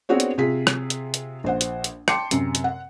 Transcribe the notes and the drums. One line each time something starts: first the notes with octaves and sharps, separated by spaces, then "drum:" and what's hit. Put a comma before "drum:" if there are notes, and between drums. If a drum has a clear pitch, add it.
B3 C4 D4 F#4 G#4 C#5
drum: hi-hat
C3 F4 G#4 B6
drum: rim click
drum: hi-hat
drum: hi-hat
A#1 C5 F#5
drum: hi-hat
drum: hi-hat
G5 A5 C6 D6 C7 C#7, drum: rim click
F#2 C3, drum: hi-hat
drum: hi-hat
F#5